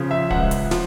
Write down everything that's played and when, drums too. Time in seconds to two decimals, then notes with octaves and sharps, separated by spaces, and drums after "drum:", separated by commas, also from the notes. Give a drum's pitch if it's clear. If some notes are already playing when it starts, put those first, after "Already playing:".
Already playing: C#3 F3
0.11 E5
0.31 C#2 F#5, drum: kick
0.51 drum: hi-hat
0.71 F3, drum: snare